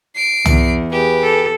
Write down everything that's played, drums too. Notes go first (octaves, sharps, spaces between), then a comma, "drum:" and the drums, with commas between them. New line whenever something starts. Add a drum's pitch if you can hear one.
C7 D7
E2, drum: tom
G4 G#4 B4
A4